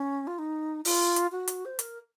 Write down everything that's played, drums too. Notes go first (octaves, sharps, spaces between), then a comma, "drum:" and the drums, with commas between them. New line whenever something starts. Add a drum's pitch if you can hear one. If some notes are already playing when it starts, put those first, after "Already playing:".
Already playing: C#4
F4
D#4
F4, drum: open hi-hat
drum: hi-hat
F#4
drum: hi-hat
C5
A#4, drum: hi-hat